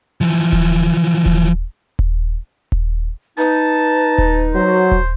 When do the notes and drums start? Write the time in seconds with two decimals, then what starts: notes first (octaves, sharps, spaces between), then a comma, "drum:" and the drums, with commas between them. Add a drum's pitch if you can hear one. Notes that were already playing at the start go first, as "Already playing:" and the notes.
0.21 E3 F3
0.52 drum: kick D#1
1.26 drum: kick D#1
1.99 drum: kick D#1
2.72 drum: kick D#1
3.38 D#4 B4 A5
4.18 drum: kick D#1
4.55 F#3 C5
4.91 drum: kick D#1